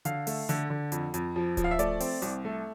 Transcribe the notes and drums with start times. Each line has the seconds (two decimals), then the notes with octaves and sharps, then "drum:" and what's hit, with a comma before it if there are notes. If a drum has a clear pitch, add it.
0.05 D3 F5, drum: hi-hat
0.27 A3, drum: open hi-hat
0.49 D3, drum: hi-hat
0.70 D3
0.92 F2, drum: hi-hat
1.14 F2, drum: hi-hat
1.36 F3
1.57 F3, drum: kick D1, hi-hat
1.64 F5
1.71 E5
1.79 A3 D5, drum: hi-hat
2.00 C4, drum: open hi-hat
2.22 C2, drum: hi-hat
2.45 A3